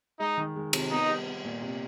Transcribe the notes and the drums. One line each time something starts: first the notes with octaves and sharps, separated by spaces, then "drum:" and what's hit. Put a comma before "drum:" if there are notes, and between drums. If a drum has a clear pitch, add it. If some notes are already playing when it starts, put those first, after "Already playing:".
G#3 D#4
D#3
G#3
C3, drum: cymbal
B3 D#4
G3
B3
A#2
C3